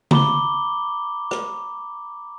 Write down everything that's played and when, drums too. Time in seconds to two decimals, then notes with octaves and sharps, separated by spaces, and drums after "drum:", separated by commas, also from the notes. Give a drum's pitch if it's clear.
0.11 A#5 B5 D6 G7, drum: tom C#3
1.31 drum: rim click